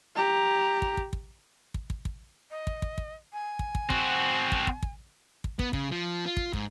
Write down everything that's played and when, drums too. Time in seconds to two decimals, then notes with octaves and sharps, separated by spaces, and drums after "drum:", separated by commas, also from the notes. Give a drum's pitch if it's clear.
0.16 G4 A#5
0.82 drum: kick
0.97 drum: kick
1.13 drum: kick
1.74 drum: kick
1.90 drum: kick
2.05 drum: kick
2.51 D#5
2.67 drum: kick
2.82 drum: kick
2.98 drum: kick
3.33 G#5
3.59 drum: kick
3.75 drum: kick
3.90 C4 F#4, drum: kick
4.52 drum: kick
4.67 drum: kick
4.83 drum: kick
5.44 drum: kick
5.59 B3, drum: kick
5.73 C#3, drum: kick
5.91 F3
6.26 F4
6.37 drum: kick
6.53 G#2, drum: kick